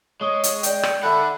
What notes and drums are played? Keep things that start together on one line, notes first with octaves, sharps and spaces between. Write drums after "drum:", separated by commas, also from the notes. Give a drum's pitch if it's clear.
G#3 C#5 D#6 G7
drum: hi-hat
D5 D#5 G5, drum: hi-hat
drum: rim click
A4 D5 E5 F#5 B5 F#6